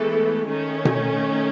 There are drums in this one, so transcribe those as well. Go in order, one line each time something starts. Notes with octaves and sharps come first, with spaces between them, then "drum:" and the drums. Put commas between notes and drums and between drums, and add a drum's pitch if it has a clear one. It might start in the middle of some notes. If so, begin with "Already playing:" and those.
Already playing: E3 G#3 A3 B3 A4
D#3 A3 C#4
drum: tom B2